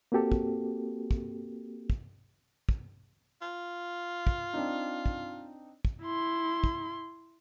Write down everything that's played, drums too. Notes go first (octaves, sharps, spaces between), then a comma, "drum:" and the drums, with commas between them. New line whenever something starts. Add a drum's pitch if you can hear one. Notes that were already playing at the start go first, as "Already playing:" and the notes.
A#3 C4 F#4 G4 A4
drum: kick
drum: kick
drum: kick
drum: kick
F4
drum: kick
C4 D4 D#4
drum: kick
drum: kick
E4 C6
drum: kick